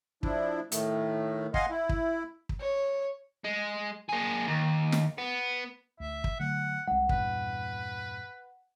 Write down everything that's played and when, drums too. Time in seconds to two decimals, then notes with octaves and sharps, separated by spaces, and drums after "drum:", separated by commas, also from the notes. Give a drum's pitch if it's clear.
0.23 F3 D4 E4, drum: kick
0.72 A2 D#3 A3, drum: hi-hat
1.54 D#5 F5 F#5 G#5 C6, drum: kick
1.70 E4
1.89 drum: kick
2.49 drum: kick
2.60 C#5
3.45 G#3
4.09 A#3 G#4
4.47 D#2
4.92 drum: snare
5.18 B3
6.00 D2 E5
6.24 drum: kick
6.39 D3 F#3 A3 F#5
6.88 C2 G#3 F#5
7.09 E2 G2 A#2 B4, drum: kick